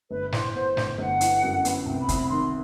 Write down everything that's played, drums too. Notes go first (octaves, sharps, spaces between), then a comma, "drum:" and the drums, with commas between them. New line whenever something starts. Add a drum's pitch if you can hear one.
G1 B4
E3 C5, drum: snare
B3 C5
G1, drum: snare
G1 F#5
E3, drum: hi-hat
F#2
B3, drum: hi-hat
C2 G5
B5
C2, drum: kick, hi-hat
B5
D#3 C6